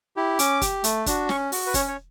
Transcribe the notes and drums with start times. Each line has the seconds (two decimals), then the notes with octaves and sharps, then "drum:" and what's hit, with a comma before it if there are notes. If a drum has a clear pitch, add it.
0.16 E4 G4
0.39 C#4 D6, drum: hi-hat
0.61 G4, drum: kick, hi-hat
0.84 A3, drum: hi-hat
1.06 D4 F#4, drum: kick, hi-hat
1.29 C#4 C#6, drum: snare
1.52 F#4, drum: open hi-hat
1.66 B4
1.74 C#4 C#5, drum: kick, hi-hat
1.88 C#5